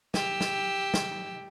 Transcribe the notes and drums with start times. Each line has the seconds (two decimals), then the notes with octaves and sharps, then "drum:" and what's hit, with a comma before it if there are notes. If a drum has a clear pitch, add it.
0.14 G4 E6, drum: snare
0.41 drum: snare
0.94 drum: snare